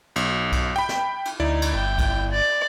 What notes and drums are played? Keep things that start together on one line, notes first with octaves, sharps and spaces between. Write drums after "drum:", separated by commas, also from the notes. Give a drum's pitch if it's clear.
B1, drum: cymbal
drum: kick B1, cymbal
G5 B5
drum: snare
drum: cymbal
D2 D#4 E4 D5
drum: cymbal
G1 G5
drum: kick B1, cymbal
D5